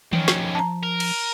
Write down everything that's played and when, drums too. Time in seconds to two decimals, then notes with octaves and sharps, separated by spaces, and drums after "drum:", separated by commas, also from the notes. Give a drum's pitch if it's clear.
0.13 D#3 F3 C#4, drum: tom D#3
0.28 drum: snare
0.55 A5 A#5
0.83 A#4
1.00 drum: cymbal